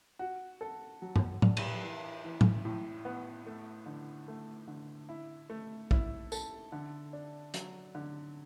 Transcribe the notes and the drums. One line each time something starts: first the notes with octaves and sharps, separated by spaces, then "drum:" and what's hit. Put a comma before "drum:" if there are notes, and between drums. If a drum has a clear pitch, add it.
F#4
A4
F#3
drum: tom G2
D4, drum: tom A2
drum: cymbal
E3
E3
drum: tom A2
A2
B3
A3
D3
A3
D3
E4
A3
E4, drum: kick
A4, drum: tambourine
D3
D4
F#3, drum: hi-hat
D3